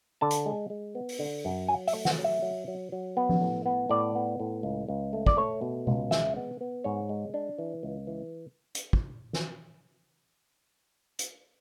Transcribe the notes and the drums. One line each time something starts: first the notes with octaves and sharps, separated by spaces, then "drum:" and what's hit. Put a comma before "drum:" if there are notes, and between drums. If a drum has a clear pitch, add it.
D3 A5
drum: hi-hat
G#3
G#3
B3
drum: open hi-hat
D3
F#2
F#3 G#5
E5, drum: open hi-hat
A3
F#5, drum: snare
F#3
E5
F#3
F#3
F#3
B3
drum: tom F3
A2
B3
A2 D5
B3
A2
C#2
C#2
A3
D5, drum: kick
A3 C#5
B2
C#2, drum: tom B2
G#3 E5, drum: snare
B3
B3
G#2 C#5
G#3
D4
E3
C#2
E3
drum: hi-hat
drum: kick
drum: snare
drum: hi-hat